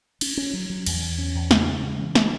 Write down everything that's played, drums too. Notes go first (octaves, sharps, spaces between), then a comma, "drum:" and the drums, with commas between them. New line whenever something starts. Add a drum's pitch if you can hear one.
C#4, drum: cymbal
C#4
F#3
F#3
E2, drum: cymbal
E2
C#4
E2
C#3, drum: snare
G#3
C#3
E3
G#3, drum: snare